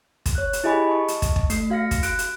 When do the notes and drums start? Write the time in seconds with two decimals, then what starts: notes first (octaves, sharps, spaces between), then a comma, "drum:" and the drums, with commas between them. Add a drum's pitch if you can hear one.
0.26 drum: kick, hi-hat
0.35 C#5 F#6
0.53 drum: hi-hat
0.64 E4 G4 G#4 D#5 G#5 B5
0.87 D#5 A5 C#6
1.08 drum: hi-hat
1.22 drum: kick, hi-hat
1.36 drum: kick
1.50 A3 C7, drum: hi-hat
1.70 F#4 F5 F6 A#6 C#7
1.91 drum: kick, hi-hat
2.03 F#4 F#6 D7, drum: hi-hat
2.19 drum: hi-hat